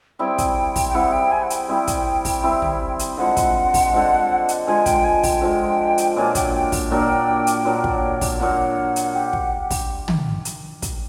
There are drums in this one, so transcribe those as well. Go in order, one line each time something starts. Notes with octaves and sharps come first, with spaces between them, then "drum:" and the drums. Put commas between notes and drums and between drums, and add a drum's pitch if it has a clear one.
G3 C4 E4 G#4 G5
drum: kick, hi-hat
drum: kick, open hi-hat
G5
G3 C4 E4 G#4 F#5
G5
G#5
F#5
G5, drum: hi-hat
G3 C4 E4 G#4
drum: kick, hi-hat
drum: kick, open hi-hat
G3 C4 E4 G#4
drum: tom
drum: hi-hat
D3 F3 G#3 F#5
drum: kick, hi-hat
drum: kick, open hi-hat
D3 F3 G#3
drum: hi-hat
D3 F3 G#3 G#5
G5, drum: kick, hi-hat
G#5
G5, drum: kick, open hi-hat
D3 F3 G#3
drum: hi-hat
A#2 F#3 A#3 D4 G#5
G5, drum: kick, hi-hat
G5
drum: kick, open hi-hat
A#2 F#3 A#3 D4 G5
drum: hi-hat
A#2 F#3 A#3 D4
drum: kick
drum: kick, open hi-hat
A#2 F#3 A#3 D4 F#5
drum: hi-hat
G4
drum: kick
drum: kick, open hi-hat
drum: tom
drum: hi-hat
drum: kick, hi-hat